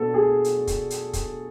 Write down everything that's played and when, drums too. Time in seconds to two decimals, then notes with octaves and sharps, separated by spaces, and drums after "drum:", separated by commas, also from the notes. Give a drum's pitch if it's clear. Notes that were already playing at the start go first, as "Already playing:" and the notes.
Already playing: B2 B3 D4 A4
0.14 G#4
0.44 drum: hi-hat
0.67 drum: kick, hi-hat
0.90 drum: hi-hat
1.13 drum: kick, hi-hat